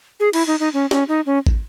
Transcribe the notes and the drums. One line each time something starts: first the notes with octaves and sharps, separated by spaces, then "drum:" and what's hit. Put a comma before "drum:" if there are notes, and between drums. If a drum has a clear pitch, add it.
G#4
E4, drum: cymbal
D#4
D#4
C#4
C#4, drum: snare
D#4
C#4
drum: kick